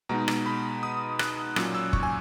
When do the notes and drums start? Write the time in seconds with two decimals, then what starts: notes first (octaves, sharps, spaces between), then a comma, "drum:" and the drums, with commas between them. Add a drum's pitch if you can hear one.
0.09 B2 G#3 B3 D#4 A#5
0.28 drum: rim click
0.46 B5
0.83 D#6
1.19 F#6, drum: rim click
1.56 A#2 F#3 C#4 F#6, drum: rim click
1.75 E6
1.93 C#6, drum: kick
2.03 G#5